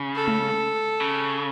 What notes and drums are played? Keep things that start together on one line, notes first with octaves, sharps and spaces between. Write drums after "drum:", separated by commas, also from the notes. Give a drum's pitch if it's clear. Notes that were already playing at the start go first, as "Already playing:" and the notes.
Already playing: C#3
A4
drum: tom G#3
C#3